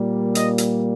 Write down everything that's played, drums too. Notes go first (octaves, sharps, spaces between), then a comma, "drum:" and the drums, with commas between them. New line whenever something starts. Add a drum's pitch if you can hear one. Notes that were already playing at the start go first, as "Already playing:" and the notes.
Already playing: A#2 G3 A#3
D#5, drum: hi-hat
drum: hi-hat